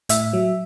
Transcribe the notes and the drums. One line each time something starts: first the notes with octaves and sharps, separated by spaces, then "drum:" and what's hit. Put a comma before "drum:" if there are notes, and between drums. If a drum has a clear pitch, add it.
A2 E5, drum: hi-hat
F#3